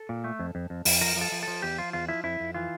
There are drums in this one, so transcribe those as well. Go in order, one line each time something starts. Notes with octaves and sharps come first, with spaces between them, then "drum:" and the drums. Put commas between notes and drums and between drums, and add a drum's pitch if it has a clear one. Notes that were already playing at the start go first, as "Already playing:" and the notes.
Already playing: A4
A#2
A3
F2
F2
F2
F2, drum: open hi-hat
F3 A#4
F3
A4
F3
F3 A4
E2 G4
F3 F4
E2 F4
F3 E4
F2 E4
F2
E3 F4